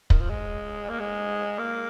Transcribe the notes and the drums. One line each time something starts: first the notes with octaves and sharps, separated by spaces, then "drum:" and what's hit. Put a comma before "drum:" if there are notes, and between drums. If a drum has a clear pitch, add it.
D#3, drum: kick
F3
G#3
A#3
G#3
A#3